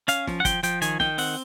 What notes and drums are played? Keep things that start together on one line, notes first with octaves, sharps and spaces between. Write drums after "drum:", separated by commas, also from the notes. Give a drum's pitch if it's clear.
C#4 F5, drum: hi-hat
F3, drum: snare
F#5
F3 G5, drum: kick, hi-hat
F3 G5, drum: hi-hat
D#3 G#5, drum: hi-hat
D#3 G5, drum: snare
C4 F#5, drum: open hi-hat